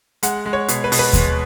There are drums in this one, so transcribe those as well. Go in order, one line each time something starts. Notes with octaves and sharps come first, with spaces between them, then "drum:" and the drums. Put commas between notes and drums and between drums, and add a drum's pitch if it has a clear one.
G#3 F#5, drum: hi-hat
G#3
C#5
B2, drum: hi-hat
B4
B2, drum: open hi-hat
B4
G#3, drum: kick D#2, hi-hat